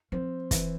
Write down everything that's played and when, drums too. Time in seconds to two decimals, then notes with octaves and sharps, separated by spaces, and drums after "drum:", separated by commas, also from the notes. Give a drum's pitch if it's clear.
0.12 F3 C4
0.51 E3, drum: kick, hi-hat